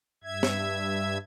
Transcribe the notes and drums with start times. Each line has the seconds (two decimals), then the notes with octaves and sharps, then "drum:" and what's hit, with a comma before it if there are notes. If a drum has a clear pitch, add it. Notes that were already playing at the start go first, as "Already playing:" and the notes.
0.24 G2 E5 G#6
0.43 drum: snare